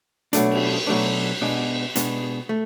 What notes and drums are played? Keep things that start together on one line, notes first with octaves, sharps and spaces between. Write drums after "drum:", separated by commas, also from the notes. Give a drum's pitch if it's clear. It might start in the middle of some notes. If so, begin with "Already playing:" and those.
B2 F#3 A3 D4, drum: hi-hat
drum: cymbal
B2 F#3 A3 D4
B2 G#3 B3 D4
B2 G#3 B3 D4, drum: hi-hat
A3